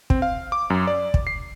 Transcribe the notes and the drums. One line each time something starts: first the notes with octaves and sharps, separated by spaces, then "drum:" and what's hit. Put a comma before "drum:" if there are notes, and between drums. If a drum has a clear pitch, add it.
C4, drum: kick
F5
D6
F#2
D5
drum: kick
C7